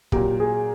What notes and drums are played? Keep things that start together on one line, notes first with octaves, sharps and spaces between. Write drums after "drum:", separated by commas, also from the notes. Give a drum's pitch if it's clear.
A#2 F#3 A#3 G4, drum: kick
G#4